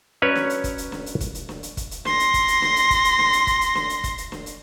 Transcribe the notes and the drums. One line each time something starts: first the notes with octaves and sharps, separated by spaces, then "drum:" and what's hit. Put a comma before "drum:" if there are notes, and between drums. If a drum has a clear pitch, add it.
F#3 C#4 B4 C#5 D5
drum: snare
drum: hi-hat
drum: kick, hi-hat
drum: hi-hat
drum: snare
drum: hi-hat
drum: kick, hi-hat
drum: hi-hat
drum: snare
drum: hi-hat
drum: kick, hi-hat
drum: hi-hat
C6 A#6, drum: snare
drum: hi-hat
drum: kick, hi-hat
drum: hi-hat
drum: snare
drum: hi-hat
drum: kick, hi-hat
drum: hi-hat
drum: snare
drum: hi-hat
drum: kick, hi-hat
drum: hi-hat
drum: snare
drum: hi-hat
drum: kick, hi-hat
drum: hi-hat
drum: snare
drum: hi-hat